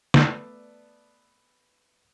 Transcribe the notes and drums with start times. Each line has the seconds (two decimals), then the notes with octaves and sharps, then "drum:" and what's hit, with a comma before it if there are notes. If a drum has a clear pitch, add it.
0.14 A3 B3 D5 A5, drum: snare